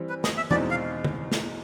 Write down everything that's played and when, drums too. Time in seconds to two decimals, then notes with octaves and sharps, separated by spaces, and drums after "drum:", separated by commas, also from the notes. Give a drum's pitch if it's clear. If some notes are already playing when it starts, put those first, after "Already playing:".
Already playing: E3 G3 C4
0.09 B4
0.24 D#5, drum: snare
0.37 E5
0.51 E2 B2 G#3 C4 D#4 D5, drum: tom E3
0.71 F5
1.04 drum: tom
1.32 drum: snare